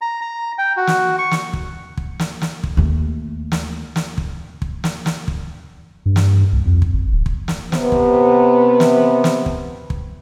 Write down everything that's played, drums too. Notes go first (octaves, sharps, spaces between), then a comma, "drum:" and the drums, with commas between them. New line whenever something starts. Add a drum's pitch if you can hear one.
A#5
A#5
G5
F#4
drum: snare
C#6
drum: snare
drum: kick
drum: kick
drum: snare
drum: snare
drum: kick
D#2 A3
drum: snare
drum: snare
drum: kick
drum: kick
drum: snare
drum: snare
drum: kick
G2
drum: snare
C2
F2
drum: kick
G1
D1
drum: kick
drum: snare
C3 B3, drum: snare
drum: kick
drum: snare
drum: snare
drum: kick
drum: kick